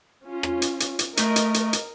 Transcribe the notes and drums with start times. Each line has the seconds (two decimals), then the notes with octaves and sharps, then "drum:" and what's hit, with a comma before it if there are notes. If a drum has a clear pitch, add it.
0.25 C#4 F4
0.43 drum: rim click
0.62 drum: hi-hat
0.80 drum: hi-hat
0.99 drum: hi-hat
1.17 A3 A#4 D#5, drum: hi-hat
1.36 drum: hi-hat
1.54 drum: hi-hat
1.73 drum: hi-hat